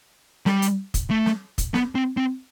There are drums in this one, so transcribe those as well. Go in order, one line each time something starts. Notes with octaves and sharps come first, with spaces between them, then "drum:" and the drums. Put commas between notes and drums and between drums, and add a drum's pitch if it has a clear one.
G3, drum: snare
drum: hi-hat
drum: kick, hi-hat
A3
drum: snare
drum: kick, hi-hat
B3, drum: snare
C4
C4